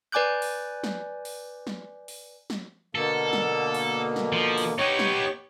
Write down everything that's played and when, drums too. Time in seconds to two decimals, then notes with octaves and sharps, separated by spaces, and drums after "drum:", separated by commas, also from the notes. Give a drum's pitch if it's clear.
0.12 B4 D5 G#5 D6 F#6 G6
0.42 drum: open hi-hat
0.84 drum: snare
1.25 drum: open hi-hat
1.67 drum: snare
2.08 drum: open hi-hat
2.50 drum: snare
2.95 B2 D3 A#3 A4
3.33 drum: snare
3.74 drum: open hi-hat
4.16 drum: snare
4.32 F3
4.58 drum: open hi-hat
4.78 B3 D#4 G4 C#5 C#6
4.99 drum: snare